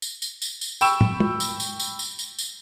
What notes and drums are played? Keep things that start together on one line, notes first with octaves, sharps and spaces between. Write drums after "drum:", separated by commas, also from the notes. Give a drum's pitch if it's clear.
drum: tambourine
drum: tambourine
drum: tambourine
drum: tambourine
G5 B5 C#6 E6 E7, drum: tambourine
drum: tom
drum: tom
drum: tambourine
drum: tambourine
drum: tambourine
drum: tambourine
drum: tambourine
drum: tambourine